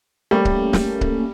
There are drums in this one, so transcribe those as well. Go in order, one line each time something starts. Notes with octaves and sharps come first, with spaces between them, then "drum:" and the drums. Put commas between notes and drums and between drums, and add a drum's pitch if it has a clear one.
G3 A3 A#3 C#4
drum: kick C#1
drum: snare
drum: kick C#1